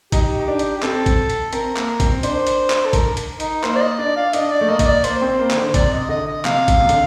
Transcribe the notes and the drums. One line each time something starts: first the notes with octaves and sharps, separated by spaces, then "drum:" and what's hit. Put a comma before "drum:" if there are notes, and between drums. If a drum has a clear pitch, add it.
D#4 G4, drum: kick A1, hi-hat
D#4
D4
drum: hi-hat
G4
C4 A4, drum: clap
drum: kick A1, hi-hat
drum: hi-hat
C4 A#4, drum: hi-hat
A#3, drum: clap
C4, drum: kick A1, hi-hat
D4 C5, drum: hi-hat
drum: hi-hat
drum: clap
A4
A#4, drum: kick A1, hi-hat
drum: hi-hat
D#4, drum: hi-hat
A#3 C5, drum: clap
D5
D#5
D4 D5
F5
D4 D#5, drum: hi-hat
D5
A3
A#3 D#5
D#5, drum: kick A1, hi-hat
D5
A#3 C5, drum: hi-hat
C4
A#3
D#3, drum: clap
D3
C5
C3 D5, drum: kick A1, hi-hat
D#5
D3 D#5
D#5
C3 F5, drum: clap
drum: kick A1, hi-hat
C3
D3, drum: hi-hat